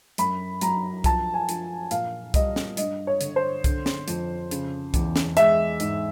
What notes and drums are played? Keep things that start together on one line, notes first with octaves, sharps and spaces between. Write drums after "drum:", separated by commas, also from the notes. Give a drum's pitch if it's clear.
F#2 B5, drum: hi-hat
F#3 A#5, drum: hi-hat
F3 A5, drum: kick C2, hi-hat
G#5
F3, drum: hi-hat
A#2 F5, drum: hi-hat
G3 D#5, drum: kick C2, hi-hat
drum: snare
G2 D#5, drum: hi-hat
C#5
D3, drum: hi-hat
C5
D3, drum: kick C2, hi-hat
drum: snare
F2, drum: hi-hat
C#3, drum: hi-hat
E2, drum: kick C2, hi-hat
drum: snare
G#3 E5, drum: hi-hat
G#2, drum: hi-hat